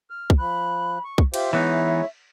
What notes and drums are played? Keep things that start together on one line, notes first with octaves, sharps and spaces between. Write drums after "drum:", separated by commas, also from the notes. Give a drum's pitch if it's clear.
F6
drum: kick
F3 B5 F#6
C#6
drum: kick
F4 G4 C5 E5, drum: cymbal
E3 G#3 B3 D#4 E4 C#5